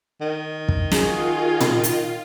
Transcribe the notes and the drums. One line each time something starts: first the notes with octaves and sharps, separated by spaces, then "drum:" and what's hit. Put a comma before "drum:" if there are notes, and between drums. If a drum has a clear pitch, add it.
D#3
drum: kick
F4 F#4 G#4, drum: snare
drum: tom
drum: hi-hat